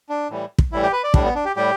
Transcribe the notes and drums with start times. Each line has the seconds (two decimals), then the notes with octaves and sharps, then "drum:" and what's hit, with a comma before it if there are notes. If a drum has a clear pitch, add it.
0.09 D4
0.30 A2 E3 G3
0.58 drum: kick
0.72 A2 E3 G3 E4
0.83 G4
0.93 B4
1.04 D5
1.14 A2 G3 D4, drum: kick
1.24 B3
1.35 D4
1.45 G4
1.56 A2 G3 G4